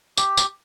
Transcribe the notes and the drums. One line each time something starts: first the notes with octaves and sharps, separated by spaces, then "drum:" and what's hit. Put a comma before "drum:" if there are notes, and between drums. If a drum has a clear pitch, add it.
G4, drum: tambourine
drum: tambourine